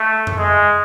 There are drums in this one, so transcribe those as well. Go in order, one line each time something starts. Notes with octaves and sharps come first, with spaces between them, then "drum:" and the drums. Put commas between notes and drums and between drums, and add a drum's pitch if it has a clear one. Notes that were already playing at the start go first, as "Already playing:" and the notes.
Already playing: A3
drum: tom F2
G#3